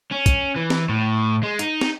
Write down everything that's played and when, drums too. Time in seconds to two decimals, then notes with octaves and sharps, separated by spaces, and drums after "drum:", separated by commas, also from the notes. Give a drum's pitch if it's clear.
0.11 C#4
0.26 drum: kick, hi-hat
0.56 E3
0.70 drum: snare
0.89 A2
1.43 G#3
1.59 D#4, drum: hi-hat
1.81 drum: snare